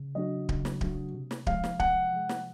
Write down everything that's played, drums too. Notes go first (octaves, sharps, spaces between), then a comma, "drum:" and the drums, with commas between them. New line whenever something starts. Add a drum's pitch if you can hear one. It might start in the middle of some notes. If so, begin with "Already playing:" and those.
Already playing: C#3
F#3 A3 D4 F#4 D#5
C#3, drum: kick D1
drum: snare
F#3 A3 D4 F#4, drum: kick D1
C3
drum: snare
F3 G#3 F5, drum: kick D1
drum: snare
C3 F#5, drum: kick D1
F3 G#3
drum: snare